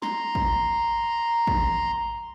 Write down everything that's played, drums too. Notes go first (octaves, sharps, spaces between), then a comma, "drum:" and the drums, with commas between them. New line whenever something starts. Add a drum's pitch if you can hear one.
A#5 C6, drum: snare
drum: kick
drum: kick